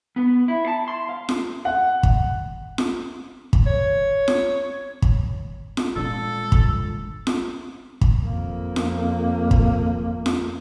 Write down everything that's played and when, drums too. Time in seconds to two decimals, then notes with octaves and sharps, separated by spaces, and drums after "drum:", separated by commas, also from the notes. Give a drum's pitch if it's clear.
0.16 B3
0.48 E4
0.68 A5
0.88 C6
1.09 F5
1.29 drum: snare F4
1.65 F#5
2.03 drum: kick
2.78 drum: snare F4
3.53 drum: kick
3.66 C#5
4.28 drum: snare F4
5.02 drum: kick
5.77 drum: snare F4
5.96 A#2 G3 G#3 D4 A4
6.52 drum: kick
7.27 drum: snare F4
8.01 drum: kick
8.25 F2 A#3
8.76 drum: snare F4
9.51 drum: kick
10.26 drum: snare F4